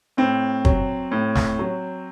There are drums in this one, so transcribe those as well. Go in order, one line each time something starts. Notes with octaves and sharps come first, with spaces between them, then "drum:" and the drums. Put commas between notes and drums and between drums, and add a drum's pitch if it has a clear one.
A2 C4
F#3, drum: kick
A2
drum: snare
F#3